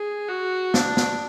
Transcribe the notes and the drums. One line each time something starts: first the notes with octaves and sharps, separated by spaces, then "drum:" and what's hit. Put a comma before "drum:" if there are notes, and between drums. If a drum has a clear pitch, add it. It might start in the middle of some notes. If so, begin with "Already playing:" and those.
Already playing: G#4
F#4
D4, drum: snare
drum: snare